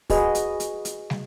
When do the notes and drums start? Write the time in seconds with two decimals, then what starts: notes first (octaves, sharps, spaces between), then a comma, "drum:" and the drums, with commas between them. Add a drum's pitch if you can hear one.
0.10 F#4 G#4 B4 D#5, drum: kick, open hi-hat
0.35 drum: hi-hat
0.60 drum: hi-hat
0.85 drum: hi-hat
1.10 drum: snare